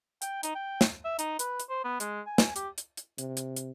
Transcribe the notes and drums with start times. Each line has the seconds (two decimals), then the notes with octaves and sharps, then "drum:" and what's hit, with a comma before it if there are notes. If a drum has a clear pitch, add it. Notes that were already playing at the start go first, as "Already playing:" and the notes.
0.22 G5, drum: hi-hat
0.43 D#4, drum: hi-hat
0.55 G5
0.81 drum: snare
1.05 E5
1.19 D#4, drum: hi-hat
1.39 B4, drum: hi-hat
1.60 drum: hi-hat
1.69 C5
1.84 B3
2.00 G#3, drum: hi-hat
2.26 G#5
2.38 drum: snare
2.56 G4, drum: hi-hat
2.78 drum: hi-hat
2.97 drum: hi-hat
3.18 C3, drum: hi-hat
3.37 drum: hi-hat
3.56 drum: hi-hat